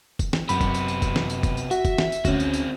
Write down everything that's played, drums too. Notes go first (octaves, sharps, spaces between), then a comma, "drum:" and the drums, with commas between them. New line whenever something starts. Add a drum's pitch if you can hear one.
drum: kick, tambourine
drum: snare
F#2 C3 B3 B5, drum: tambourine
drum: kick, tambourine
drum: tambourine
drum: tambourine
drum: kick, tambourine
drum: snare
drum: tambourine
drum: kick, tambourine
drum: tambourine
F#4 E5, drum: tambourine
drum: kick, tambourine
drum: snare
drum: tambourine
D2 C4 C#4 F#4, drum: kick, tambourine
drum: tambourine
drum: tambourine